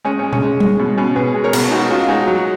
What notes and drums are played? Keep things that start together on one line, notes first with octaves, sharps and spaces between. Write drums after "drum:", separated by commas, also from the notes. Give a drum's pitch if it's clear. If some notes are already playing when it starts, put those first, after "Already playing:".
G#3 C#4
C#4
G#3
C#4, drum: tom
G#3
G#3, drum: tom G3
B2
B2 C#4
B2 G#4 B4
G#3
A#4 C#5
B2, drum: cymbal
G#3 D#4 F#4
G#3 C#4 F4
G#3 D#4 F#4
F#3